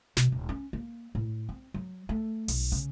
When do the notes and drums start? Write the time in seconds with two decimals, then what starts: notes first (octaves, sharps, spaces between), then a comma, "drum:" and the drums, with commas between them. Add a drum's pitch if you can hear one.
0.17 B2, drum: snare
0.32 D#1
0.49 C#4
0.73 A#3
1.15 A2
1.49 C4
1.74 F#3
2.09 A3
2.48 B1, drum: open hi-hat
2.72 C#3